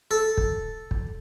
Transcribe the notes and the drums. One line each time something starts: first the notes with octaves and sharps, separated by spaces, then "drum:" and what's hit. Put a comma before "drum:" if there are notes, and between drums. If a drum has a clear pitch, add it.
A4
drum: kick
drum: kick